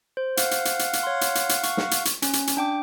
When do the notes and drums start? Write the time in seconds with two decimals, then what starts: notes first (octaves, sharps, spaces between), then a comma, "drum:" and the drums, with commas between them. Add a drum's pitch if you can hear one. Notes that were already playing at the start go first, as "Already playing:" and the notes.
0.17 C5
0.37 F5 F#5, drum: hi-hat
0.51 drum: hi-hat
0.65 drum: hi-hat
0.79 drum: hi-hat
0.93 drum: hi-hat
1.03 C#5 C6
1.21 drum: hi-hat
1.35 drum: hi-hat
1.49 drum: hi-hat
1.63 C#6, drum: hi-hat
1.77 drum: snare
1.91 drum: hi-hat
2.05 drum: hi-hat
2.22 C#4, drum: hi-hat
2.33 drum: hi-hat
2.47 drum: hi-hat
2.57 D4 G5 D6